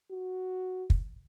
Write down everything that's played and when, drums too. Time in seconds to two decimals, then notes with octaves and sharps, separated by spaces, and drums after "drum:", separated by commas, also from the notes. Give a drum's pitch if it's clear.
0.11 F#4
0.90 drum: kick